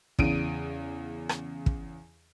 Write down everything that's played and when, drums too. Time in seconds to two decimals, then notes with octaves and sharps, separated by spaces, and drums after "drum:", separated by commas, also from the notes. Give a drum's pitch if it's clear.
0.19 E2 C#3 D7 D#7, drum: kick
1.29 drum: rim click
1.66 drum: kick